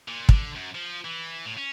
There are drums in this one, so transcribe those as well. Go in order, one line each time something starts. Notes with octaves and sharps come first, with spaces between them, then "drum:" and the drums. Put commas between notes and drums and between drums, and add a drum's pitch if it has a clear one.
A#2
D3, drum: kick
F#2
F3
E3
A2
C#4